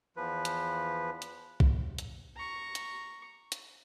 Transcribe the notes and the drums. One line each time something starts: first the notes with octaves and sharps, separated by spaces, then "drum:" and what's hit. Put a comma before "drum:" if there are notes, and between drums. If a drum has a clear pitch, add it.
E2 F3 B4
drum: hi-hat
drum: hi-hat
drum: kick B1
drum: hi-hat
A#5 C#6
drum: hi-hat
drum: hi-hat